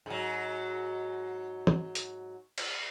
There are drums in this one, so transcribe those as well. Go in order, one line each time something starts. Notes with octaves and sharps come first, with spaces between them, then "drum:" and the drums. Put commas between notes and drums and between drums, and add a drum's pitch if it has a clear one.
G#2 F#3
drum: tom
drum: hi-hat
drum: cymbal